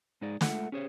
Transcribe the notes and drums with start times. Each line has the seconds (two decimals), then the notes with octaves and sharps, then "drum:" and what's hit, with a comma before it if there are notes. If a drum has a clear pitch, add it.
0.21 G#2 G#3 D#4 G#4 D5
0.41 G#3 A3 F4 A4 E5 F#5, drum: snare
0.72 C#4 G4 G#4 C5 C#5